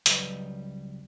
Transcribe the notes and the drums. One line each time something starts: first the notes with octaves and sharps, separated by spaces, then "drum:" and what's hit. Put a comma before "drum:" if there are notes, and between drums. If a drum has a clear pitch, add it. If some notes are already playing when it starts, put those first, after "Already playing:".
C#2 F#3 G3 B4 D#5, drum: hi-hat